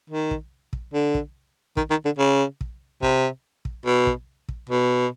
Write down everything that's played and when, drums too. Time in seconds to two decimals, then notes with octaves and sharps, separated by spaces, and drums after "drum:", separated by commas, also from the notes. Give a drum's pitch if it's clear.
0.10 D#3
0.31 drum: kick
0.73 drum: kick
0.94 D3
1.14 drum: kick
1.77 D#3, drum: kick
1.90 D#3
2.05 D3
2.19 C#3
2.61 drum: kick
3.02 C3, drum: kick
3.65 drum: kick
3.86 B2
4.07 drum: kick
4.49 drum: kick
4.69 B2